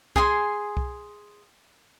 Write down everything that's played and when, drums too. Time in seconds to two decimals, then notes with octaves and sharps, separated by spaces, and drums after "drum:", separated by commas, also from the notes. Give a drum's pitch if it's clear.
0.16 G#4 G#5 C6, drum: kick C2
0.77 drum: kick C2